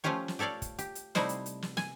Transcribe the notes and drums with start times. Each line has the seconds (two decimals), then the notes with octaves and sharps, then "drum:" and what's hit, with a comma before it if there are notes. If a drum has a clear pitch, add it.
0.04 F3 A3 C#4 F4 G4 C#5
0.28 drum: snare
0.39 G4 A4 C#5 D5 F5
0.62 drum: kick, hi-hat
0.79 G4, drum: hi-hat
0.95 drum: hi-hat
1.15 C3 G3 A3 D#4 E4 C5, drum: snare
1.29 drum: hi-hat
1.46 drum: hi-hat
1.62 drum: snare
1.77 G#5, drum: snare